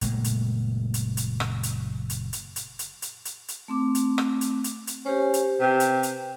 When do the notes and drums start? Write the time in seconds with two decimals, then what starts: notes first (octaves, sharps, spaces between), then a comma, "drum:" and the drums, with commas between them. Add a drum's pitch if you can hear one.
0.01 F#1 A#2 G#3 A3, drum: hi-hat
0.24 drum: hi-hat
0.94 drum: hi-hat
1.17 drum: hi-hat
1.40 drum: rim click
1.63 drum: hi-hat
2.10 drum: hi-hat
2.33 drum: hi-hat
2.56 drum: hi-hat
2.79 drum: hi-hat
3.02 drum: hi-hat
3.25 drum: hi-hat
3.48 drum: hi-hat
3.68 A3 C4 D6
3.95 drum: hi-hat
4.18 drum: rim click
4.41 drum: hi-hat
4.64 drum: hi-hat
4.87 drum: hi-hat
5.06 C#4 G4 C5
5.34 drum: hi-hat
5.60 C3 B4 G5
5.80 drum: hi-hat
6.03 drum: hi-hat